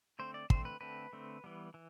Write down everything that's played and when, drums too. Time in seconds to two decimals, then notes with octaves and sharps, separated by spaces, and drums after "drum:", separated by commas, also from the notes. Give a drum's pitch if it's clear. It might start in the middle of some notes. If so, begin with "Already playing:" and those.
0.19 D3 A3 C4 C5
0.34 D5
0.50 D3 A3 C4 C5, drum: kick
0.65 B4
0.81 D3 A3 C4 B4
1.13 D3 A3 C4
1.44 E3 G3 B3
1.74 E3